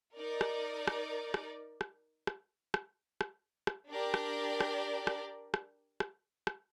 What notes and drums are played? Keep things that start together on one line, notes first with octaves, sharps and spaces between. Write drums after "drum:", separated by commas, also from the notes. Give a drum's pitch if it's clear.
D#4 A#4 D5
drum: rim click
drum: rim click
drum: rim click
drum: rim click
drum: rim click
drum: rim click
drum: rim click
drum: rim click
D4 G4 A#4 D5
drum: rim click
drum: rim click
drum: rim click
drum: rim click
drum: rim click
drum: rim click